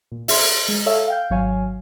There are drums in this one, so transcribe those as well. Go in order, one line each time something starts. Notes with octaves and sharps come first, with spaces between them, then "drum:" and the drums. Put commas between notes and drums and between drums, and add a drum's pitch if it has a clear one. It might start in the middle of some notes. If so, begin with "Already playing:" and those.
A#2
E5 C6, drum: open hi-hat
G#3
A4 C#5 E5 F5 E6
F5 G5 G6
G#1 F#3 C#5 F5 G#5